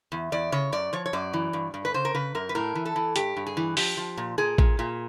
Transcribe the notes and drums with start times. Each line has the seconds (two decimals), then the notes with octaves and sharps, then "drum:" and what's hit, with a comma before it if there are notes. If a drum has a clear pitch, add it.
0.12 E2
0.32 E2 D5
0.52 C#3 C#5
0.72 F#2 D5
0.93 F3 C#5
1.06 C#5
1.13 F#2 D5
1.33 E3
1.53 G2
1.74 G2
1.85 B4
1.94 C#3 C5
2.05 A#4
2.14 C#3 B4
2.35 F#2 A#4
2.49 B4
2.55 A2 A#4
2.75 E3
2.85 A4
2.96 E3
3.16 G2 G4, drum: hi-hat
3.37 G2
3.46 G#4
3.57 E3
3.77 F3 G4, drum: open hi-hat
3.97 F3
4.17 A#2
4.38 A#2 G#4
4.58 A#2, drum: kick A1
4.79 A#2